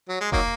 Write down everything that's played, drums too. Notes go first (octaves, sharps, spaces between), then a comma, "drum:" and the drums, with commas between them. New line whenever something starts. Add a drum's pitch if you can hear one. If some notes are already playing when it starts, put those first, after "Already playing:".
F#3
G#3
D#3 F#3 A#3, drum: kick F1